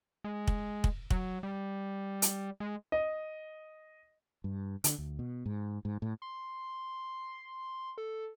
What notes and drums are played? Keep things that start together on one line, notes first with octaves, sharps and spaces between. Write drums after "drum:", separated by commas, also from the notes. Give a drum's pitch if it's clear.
G#3
drum: kick
drum: kick
F#3, drum: kick
G3
drum: hi-hat
G#3
D#5
G2
D3, drum: hi-hat
D2
B2
G#2
G#2
A2
C6
A4